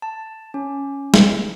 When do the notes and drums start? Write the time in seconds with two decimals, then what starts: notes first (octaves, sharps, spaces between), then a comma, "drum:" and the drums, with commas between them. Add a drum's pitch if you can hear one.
0.02 A5
0.54 C#4
1.14 drum: snare